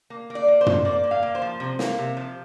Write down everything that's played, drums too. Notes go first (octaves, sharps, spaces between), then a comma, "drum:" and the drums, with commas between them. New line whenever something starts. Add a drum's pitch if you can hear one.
A#3
A#3
D5
A#3
C5
C3, drum: tom
A#3 D5
A#3
F5
A#3
C5
F3
C3
A#3, drum: snare
C3
F3